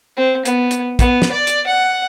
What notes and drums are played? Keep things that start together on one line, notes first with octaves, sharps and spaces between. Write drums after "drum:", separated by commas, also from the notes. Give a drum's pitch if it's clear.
C4
B3, drum: hi-hat
drum: hi-hat
B3, drum: kick, hi-hat
drum: snare
D5
drum: hi-hat
F#5